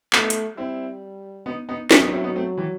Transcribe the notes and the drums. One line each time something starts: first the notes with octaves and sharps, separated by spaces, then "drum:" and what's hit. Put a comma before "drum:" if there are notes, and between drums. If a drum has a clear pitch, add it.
A3 B3 D#4, drum: clap
drum: hi-hat
G3 C4 E4
B3 D#4
B3 D#4
F#3 C4 E4, drum: snare
B3 D#4
C4 E4
B3 D#4
A3 C4
E3 G3